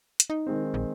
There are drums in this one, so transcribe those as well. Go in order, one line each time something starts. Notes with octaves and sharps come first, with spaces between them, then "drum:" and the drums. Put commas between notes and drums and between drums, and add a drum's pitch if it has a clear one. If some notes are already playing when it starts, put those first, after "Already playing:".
drum: hi-hat
D#4
D#3 G#3 C4
A#1